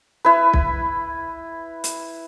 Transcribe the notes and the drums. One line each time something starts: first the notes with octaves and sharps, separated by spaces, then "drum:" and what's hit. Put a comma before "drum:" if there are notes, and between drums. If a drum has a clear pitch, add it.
E4 B4
drum: kick B1
drum: hi-hat